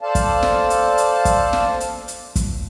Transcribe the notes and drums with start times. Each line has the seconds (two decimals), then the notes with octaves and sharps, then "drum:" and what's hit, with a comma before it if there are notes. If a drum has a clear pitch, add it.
0.01 A4 C5 D5 F5 A5
0.15 drum: kick, hi-hat
0.43 drum: snare
0.70 drum: hi-hat
0.98 drum: hi-hat
1.25 drum: kick, hi-hat
1.53 drum: snare
1.80 drum: hi-hat
2.08 drum: hi-hat
2.36 drum: kick, hi-hat